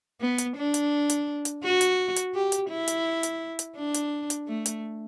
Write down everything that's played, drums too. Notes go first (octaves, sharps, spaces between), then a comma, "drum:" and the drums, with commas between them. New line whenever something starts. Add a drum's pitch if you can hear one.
B3
drum: hi-hat
D4
drum: hi-hat
drum: hi-hat
drum: hi-hat
F#4
drum: hi-hat
drum: hi-hat
G4
drum: hi-hat
E4
drum: hi-hat
drum: hi-hat
drum: hi-hat
D4
drum: hi-hat
drum: hi-hat
A3
drum: hi-hat